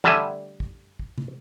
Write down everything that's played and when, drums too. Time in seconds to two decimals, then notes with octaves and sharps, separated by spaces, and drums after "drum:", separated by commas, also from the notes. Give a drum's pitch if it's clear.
0.04 D3 G3 A3 E5 G#5, drum: tom
0.60 drum: kick
0.99 drum: kick
1.18 drum: tom